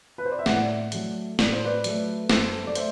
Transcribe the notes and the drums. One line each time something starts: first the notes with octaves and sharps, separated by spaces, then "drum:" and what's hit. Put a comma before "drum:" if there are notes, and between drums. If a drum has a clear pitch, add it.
B4
C5
D5
E5
A2 D5 F#5, drum: snare
F#3 A3, drum: hi-hat
A2 D5, drum: snare
C5
B4 D5
F#3 A3, drum: hi-hat
F#2 A4 C5, drum: snare
D5
A3 C5 E5, drum: hi-hat